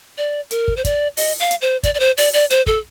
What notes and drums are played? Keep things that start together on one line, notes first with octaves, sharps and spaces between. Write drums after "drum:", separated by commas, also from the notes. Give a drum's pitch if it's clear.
D5
A#4, drum: hi-hat
drum: kick
C5
D5, drum: kick, hi-hat
D#5, drum: open hi-hat
F5
drum: hi-hat
C5
D5, drum: kick, hi-hat
D5
C5
D5, drum: open hi-hat
D5
C5, drum: hi-hat
A4, drum: kick